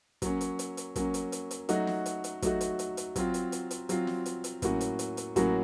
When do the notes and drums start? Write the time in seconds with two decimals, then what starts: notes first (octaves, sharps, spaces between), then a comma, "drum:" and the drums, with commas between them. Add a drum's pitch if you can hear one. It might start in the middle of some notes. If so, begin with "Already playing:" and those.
0.22 F#3 A#3 C#4, drum: kick, hi-hat
0.41 drum: hi-hat
0.59 drum: hi-hat
0.77 drum: hi-hat
0.96 F#3 A#3 C#4, drum: kick, hi-hat
1.14 drum: hi-hat
1.32 drum: hi-hat
1.51 drum: hi-hat
1.69 F#3 A3 D#4 F#4, drum: hi-hat
1.87 drum: snare
2.06 drum: hi-hat
2.24 drum: hi-hat
2.42 F#3 A3 D#4 F#4, drum: kick, hi-hat
2.61 drum: hi-hat
2.79 drum: hi-hat
2.97 drum: hi-hat
3.16 F#3 C4 F4, drum: kick, hi-hat
3.34 drum: hi-hat
3.52 drum: hi-hat
3.71 drum: hi-hat
3.89 F#3 C4 F4, drum: hi-hat
4.07 drum: snare
4.26 drum: hi-hat
4.44 drum: hi-hat
4.62 A2 F#3 A#3 C#4 F#4, drum: kick, hi-hat
4.81 drum: hi-hat
4.99 drum: hi-hat
5.17 drum: hi-hat
5.36 A2 F#3 A#3 C#4 F#4, drum: kick, hi-hat